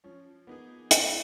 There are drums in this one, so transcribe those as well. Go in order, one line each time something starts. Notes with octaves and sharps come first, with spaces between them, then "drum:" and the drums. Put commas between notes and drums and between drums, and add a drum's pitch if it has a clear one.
F3 C#4
A#3 B3 D#4 G#4
F#3, drum: hi-hat